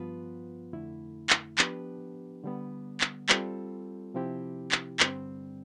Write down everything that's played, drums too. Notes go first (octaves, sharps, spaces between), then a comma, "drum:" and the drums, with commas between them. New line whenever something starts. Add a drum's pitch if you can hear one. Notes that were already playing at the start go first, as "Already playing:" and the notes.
Already playing: G2 F3 B3 F4 B4
F2 D3 A3 E4
drum: clap
F3 B3 D4 G4 B4, drum: clap
D3 G3 B3
drum: clap
G3 C4 F4 A4, drum: clap
C3 F3 C4 E4 G4
drum: clap
G2 D3 G3 C4, drum: clap